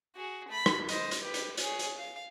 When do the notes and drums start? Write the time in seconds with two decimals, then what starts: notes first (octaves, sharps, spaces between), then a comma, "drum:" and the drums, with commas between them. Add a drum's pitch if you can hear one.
0.16 F#4 G#4
0.48 A3 B5
0.66 drum: rim click
0.89 C5 D#5, drum: hi-hat
1.11 drum: hi-hat
1.21 G4 B4
1.34 drum: hi-hat
1.57 G#4 C#5, drum: hi-hat
1.79 drum: hi-hat
1.98 F5